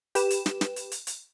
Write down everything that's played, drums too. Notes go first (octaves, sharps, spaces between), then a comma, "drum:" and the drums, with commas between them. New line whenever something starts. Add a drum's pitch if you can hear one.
G4 B4 E7, drum: hi-hat
drum: hi-hat
drum: snare
drum: snare
drum: hi-hat
drum: hi-hat
drum: hi-hat